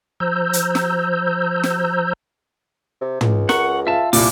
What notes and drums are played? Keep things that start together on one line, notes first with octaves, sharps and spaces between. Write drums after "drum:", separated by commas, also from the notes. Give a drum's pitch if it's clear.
F3 C5 A#5 E6 G6
drum: hi-hat
drum: snare
drum: snare
C3
C#2, drum: tom
A#4 F#5 C#6, drum: snare
F4 E5 F5 A5
C2 A#2 D6, drum: open hi-hat